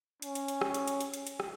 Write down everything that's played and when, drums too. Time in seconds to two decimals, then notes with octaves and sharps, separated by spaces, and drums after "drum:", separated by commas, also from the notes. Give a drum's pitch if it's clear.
0.22 C#4, drum: hi-hat
0.35 drum: hi-hat
0.48 drum: hi-hat
0.61 drum: rim click
0.74 drum: hi-hat
0.87 drum: hi-hat
1.01 drum: hi-hat
1.14 drum: hi-hat
1.27 drum: hi-hat
1.40 drum: rim click